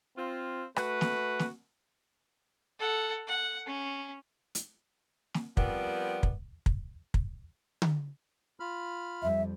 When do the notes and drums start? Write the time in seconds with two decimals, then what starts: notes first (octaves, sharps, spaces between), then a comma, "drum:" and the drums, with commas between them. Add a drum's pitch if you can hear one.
0.16 C4 F4
0.76 A3 F#4 B4, drum: rim click
1.01 drum: snare
1.39 drum: snare
2.79 A4 F#5
3.27 F#5
3.66 C#4
4.55 drum: hi-hat
5.34 drum: snare
5.57 F3 G3 B3 C4 A#4 D5, drum: kick
6.23 drum: kick
6.66 drum: kick
7.14 drum: kick
7.82 drum: tom D3
8.60 F4 B5 F6
9.23 F2 G3 E5